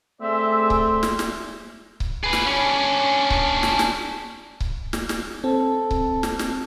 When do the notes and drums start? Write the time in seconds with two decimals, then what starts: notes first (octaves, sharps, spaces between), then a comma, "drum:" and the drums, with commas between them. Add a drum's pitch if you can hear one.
0.21 A3 C4 G#4 D5 E5
0.70 drum: kick C#1
1.03 drum: snare
1.19 drum: snare
2.00 drum: kick C#1
2.24 G#4 B4
2.33 drum: snare
2.46 C#4 D4
3.30 drum: kick C#1
3.63 drum: snare
3.79 drum: snare
4.60 drum: kick C#1
4.93 drum: snare
5.09 drum: snare
5.44 C4 A4
5.91 drum: kick C#1
6.23 drum: snare
6.39 drum: snare